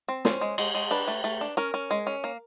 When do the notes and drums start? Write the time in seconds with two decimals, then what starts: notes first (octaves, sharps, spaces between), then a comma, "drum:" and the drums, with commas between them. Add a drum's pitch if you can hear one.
0.08 C4
0.25 C#4 C5, drum: snare
0.41 G#3
0.58 G#3, drum: cymbal
0.74 G#3
0.91 D4 B4
1.08 A3
1.24 A3
1.41 D4
1.57 C#4 A#4
1.74 C#4
1.91 G#3
2.07 C#4
2.24 A#3